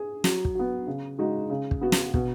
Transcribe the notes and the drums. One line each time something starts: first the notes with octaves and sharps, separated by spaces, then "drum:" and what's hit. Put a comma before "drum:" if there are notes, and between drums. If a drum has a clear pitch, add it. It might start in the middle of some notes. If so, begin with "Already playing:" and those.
Already playing: G#4
F#3, drum: snare
drum: kick
B3 F#4
C#3
G#3 D#4 F#4
C#3
drum: kick
B3 F#4
drum: snare
B2, drum: kick